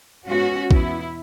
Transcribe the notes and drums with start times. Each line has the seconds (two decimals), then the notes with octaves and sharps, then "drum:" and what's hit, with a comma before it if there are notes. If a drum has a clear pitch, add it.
0.28 G#2 G#3 B3 C#4 F#4
0.71 E2 B2 B3 E4, drum: kick A#1